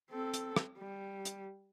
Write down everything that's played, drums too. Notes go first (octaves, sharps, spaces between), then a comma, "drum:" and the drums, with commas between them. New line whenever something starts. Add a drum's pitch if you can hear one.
C4 A4
drum: hi-hat
drum: rim click
G3
drum: hi-hat